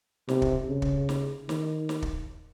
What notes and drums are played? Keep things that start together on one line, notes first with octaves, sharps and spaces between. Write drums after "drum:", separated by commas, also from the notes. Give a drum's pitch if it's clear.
C3, drum: snare
drum: kick
C#3
drum: kick
drum: snare
D#3, drum: snare
drum: snare
drum: kick